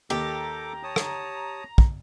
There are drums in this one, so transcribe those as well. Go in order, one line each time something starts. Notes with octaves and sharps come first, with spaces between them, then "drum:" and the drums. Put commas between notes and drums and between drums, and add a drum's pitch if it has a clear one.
D#2 G4 A4 A#5 D6
C#5 A5 D#6
drum: rim click
drum: kick